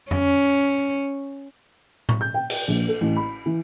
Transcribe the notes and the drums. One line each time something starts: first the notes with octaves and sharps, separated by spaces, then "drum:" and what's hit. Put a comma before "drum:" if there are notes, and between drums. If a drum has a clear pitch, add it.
C#4, drum: tom F2
C#6, drum: tom A2
G6
G5
drum: cymbal
A#1
A4
A1
B5
E3